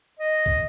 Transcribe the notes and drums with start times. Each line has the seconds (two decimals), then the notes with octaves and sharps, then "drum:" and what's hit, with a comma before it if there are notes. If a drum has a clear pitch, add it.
0.20 D#5
0.46 drum: kick